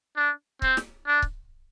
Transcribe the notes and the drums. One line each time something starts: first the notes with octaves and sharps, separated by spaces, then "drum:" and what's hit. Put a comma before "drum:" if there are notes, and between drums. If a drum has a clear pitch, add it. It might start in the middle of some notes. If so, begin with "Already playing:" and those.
D4
C4, drum: kick C#1
drum: snare
D4
drum: kick C#1